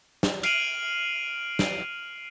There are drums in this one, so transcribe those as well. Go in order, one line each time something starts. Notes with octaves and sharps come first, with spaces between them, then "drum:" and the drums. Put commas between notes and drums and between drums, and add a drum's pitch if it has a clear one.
drum: snare
F6 C7 D7 D#7 F7 F#7, drum: cymbal
drum: snare